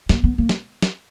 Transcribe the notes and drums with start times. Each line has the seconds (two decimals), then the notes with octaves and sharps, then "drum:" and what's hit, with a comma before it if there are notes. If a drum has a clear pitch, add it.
0.09 A#3, drum: snare
0.24 B3
0.38 A#3
0.49 drum: snare
0.82 drum: snare